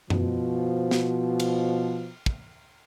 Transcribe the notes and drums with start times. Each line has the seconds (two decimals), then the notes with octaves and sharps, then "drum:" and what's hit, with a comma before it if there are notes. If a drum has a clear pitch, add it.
0.10 B2 F3, drum: tom F#2
0.91 drum: snare
1.40 drum: cymbal
2.26 drum: kick